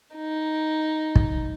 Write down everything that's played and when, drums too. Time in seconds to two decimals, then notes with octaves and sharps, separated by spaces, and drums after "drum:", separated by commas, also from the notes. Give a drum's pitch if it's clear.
0.16 D#4
1.16 drum: kick